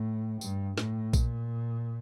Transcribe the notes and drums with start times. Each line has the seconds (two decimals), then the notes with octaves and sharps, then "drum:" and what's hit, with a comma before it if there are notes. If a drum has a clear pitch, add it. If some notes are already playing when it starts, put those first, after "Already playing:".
Already playing: A2
0.41 G2, drum: tambourine
0.78 A2, drum: snare
1.13 A#2, drum: kick A#1, tambourine